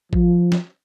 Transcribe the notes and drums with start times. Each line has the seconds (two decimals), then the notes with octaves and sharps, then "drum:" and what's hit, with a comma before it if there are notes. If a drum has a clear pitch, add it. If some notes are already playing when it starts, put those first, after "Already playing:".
0.13 F3, drum: kick A1
0.52 drum: snare